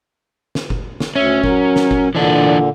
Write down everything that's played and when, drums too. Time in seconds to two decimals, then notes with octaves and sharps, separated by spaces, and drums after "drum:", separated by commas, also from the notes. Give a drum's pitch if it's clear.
0.55 drum: snare
0.70 drum: kick F#1
1.00 drum: snare
1.16 D2 C#4 E5
1.44 F#3 A#4, drum: kick F#1
1.76 drum: snare
1.91 drum: kick F#1
2.15 A#2 D3 E3 D4